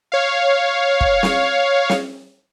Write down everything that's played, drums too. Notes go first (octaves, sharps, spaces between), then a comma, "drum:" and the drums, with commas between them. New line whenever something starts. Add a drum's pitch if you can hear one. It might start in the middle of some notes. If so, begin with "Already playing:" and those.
C#5 F5
drum: kick
drum: snare
drum: snare